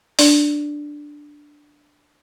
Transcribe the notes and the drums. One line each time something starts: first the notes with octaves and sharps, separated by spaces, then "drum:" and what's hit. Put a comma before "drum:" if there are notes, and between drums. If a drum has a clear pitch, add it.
D4 D5, drum: open hi-hat